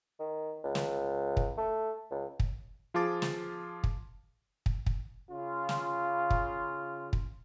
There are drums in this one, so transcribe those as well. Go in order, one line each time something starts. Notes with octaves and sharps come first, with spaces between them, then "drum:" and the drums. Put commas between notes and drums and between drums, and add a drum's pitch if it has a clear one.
D#3
C#2
drum: snare
drum: kick
A3
C#2
drum: kick
F3 F4 G#4 A5 D6 A6
drum: snare
drum: kick
drum: kick
drum: kick
C#3 F4
drum: snare
drum: kick
drum: kick